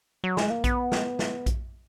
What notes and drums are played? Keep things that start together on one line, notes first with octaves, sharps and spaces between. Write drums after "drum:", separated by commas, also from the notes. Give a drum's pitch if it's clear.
F#3
G#3, drum: snare
A#3
B3, drum: kick A#1, hi-hat
drum: snare
drum: snare
drum: kick A#1, hi-hat